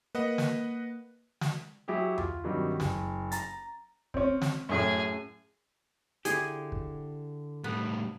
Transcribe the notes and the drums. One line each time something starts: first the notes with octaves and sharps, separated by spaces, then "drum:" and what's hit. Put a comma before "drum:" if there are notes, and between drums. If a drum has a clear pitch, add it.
A#3 B4 D#5 F#5
drum: snare
drum: snare
F#3 E4 G4 G#4
F4, drum: tom E2
G2 C3 D#3 F#3 G3
F#1, drum: snare
A#5 A6, drum: hi-hat
C4 C#4, drum: kick
drum: snare
F#2 A2 G#4
D3 E4 G4 G#4, drum: hi-hat
drum: kick
A2 G3 B3